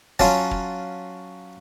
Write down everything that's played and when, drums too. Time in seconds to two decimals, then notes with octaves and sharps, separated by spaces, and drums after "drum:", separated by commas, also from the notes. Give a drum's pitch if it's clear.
0.19 F#3 C#4 F4 A5, drum: kick
0.51 drum: kick